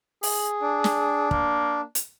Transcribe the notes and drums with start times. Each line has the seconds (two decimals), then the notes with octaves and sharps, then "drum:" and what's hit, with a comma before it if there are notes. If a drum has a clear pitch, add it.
0.23 G#4, drum: open hi-hat
0.62 D4
0.84 drum: snare
1.31 A#3, drum: kick
1.95 drum: hi-hat